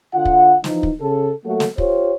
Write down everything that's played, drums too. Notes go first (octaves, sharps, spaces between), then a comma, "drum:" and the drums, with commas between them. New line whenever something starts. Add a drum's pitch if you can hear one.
D3 F4 F#5
drum: kick
E3 F3 D#4, drum: snare
drum: kick
C#3 A4
F#3 A3 A#3 F#4 A4
drum: snare
F4 G4 C5 C#5, drum: kick